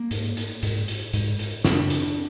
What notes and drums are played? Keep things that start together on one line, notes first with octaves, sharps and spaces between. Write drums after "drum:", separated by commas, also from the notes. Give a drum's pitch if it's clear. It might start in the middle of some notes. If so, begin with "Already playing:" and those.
Already playing: A#3
G#2, drum: hi-hat
drum: hi-hat
G#2, drum: hi-hat
drum: hi-hat
G#2, drum: hi-hat
drum: hi-hat
F#2 C#3 D4, drum: snare
drum: hi-hat